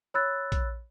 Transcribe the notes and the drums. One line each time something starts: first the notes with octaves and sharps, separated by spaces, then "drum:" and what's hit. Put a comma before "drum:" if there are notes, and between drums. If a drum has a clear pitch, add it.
C#5 B5 E6 F#6 A6
drum: kick, hi-hat